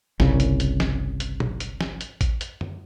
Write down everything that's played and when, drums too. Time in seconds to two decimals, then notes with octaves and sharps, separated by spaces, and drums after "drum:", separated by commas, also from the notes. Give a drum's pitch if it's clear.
0.20 G1 C2 C#3, drum: snare
0.40 drum: hi-hat
0.60 drum: hi-hat
0.80 drum: snare
1.20 drum: hi-hat
1.40 drum: tom A#2
1.60 drum: hi-hat
1.81 drum: snare
2.01 drum: hi-hat
2.21 drum: kick A1, hi-hat
2.41 drum: hi-hat
2.61 drum: tom F#2